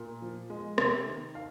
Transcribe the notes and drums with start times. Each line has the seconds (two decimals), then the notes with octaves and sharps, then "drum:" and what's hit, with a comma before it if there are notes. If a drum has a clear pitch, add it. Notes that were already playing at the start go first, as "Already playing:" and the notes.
Already playing: A#2
0.22 F3
0.50 G#3
0.78 C3, drum: rim click
1.06 D#3
1.35 F5